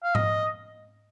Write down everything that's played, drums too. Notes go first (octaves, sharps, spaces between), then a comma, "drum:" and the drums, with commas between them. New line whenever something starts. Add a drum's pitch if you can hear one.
F5
D#5, drum: tom G#2